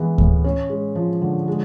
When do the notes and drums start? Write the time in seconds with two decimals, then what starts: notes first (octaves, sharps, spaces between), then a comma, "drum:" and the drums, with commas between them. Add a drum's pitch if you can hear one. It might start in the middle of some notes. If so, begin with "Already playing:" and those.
Already playing: E3 G#3 B3
0.18 A2, drum: kick D2
0.44 C#4
0.70 G#3
0.95 F3
1.22 D3
1.48 G#3